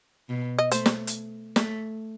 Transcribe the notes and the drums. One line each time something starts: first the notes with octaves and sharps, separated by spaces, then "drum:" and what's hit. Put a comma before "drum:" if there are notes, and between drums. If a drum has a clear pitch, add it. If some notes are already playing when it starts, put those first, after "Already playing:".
B2
D#5
A3 C5, drum: hi-hat
drum: snare
drum: hi-hat
A3, drum: snare